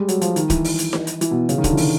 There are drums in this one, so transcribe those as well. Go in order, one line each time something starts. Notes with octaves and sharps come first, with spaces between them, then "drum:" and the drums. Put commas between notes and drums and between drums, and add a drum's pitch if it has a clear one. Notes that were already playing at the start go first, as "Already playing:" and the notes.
Already playing: G3 G#3
F#3, drum: hi-hat
F3, drum: hi-hat
D#3, drum: hi-hat
E3, drum: kick, hi-hat
drum: open hi-hat
drum: hi-hat
drum: snare D#4
drum: hi-hat
E3, drum: hi-hat
B2
C#3, drum: hi-hat
D#3
D3, drum: kick, hi-hat
E3
D#3, drum: open hi-hat